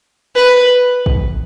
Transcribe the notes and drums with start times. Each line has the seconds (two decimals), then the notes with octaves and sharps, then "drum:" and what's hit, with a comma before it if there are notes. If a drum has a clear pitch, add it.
0.35 B4
1.06 drum: kick